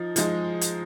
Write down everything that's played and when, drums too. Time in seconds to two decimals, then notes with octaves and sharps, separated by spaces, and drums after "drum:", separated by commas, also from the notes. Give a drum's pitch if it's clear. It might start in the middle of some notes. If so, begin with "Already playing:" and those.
Already playing: F3 D#4
0.16 F3 G#3 D#4, drum: hi-hat
0.61 drum: hi-hat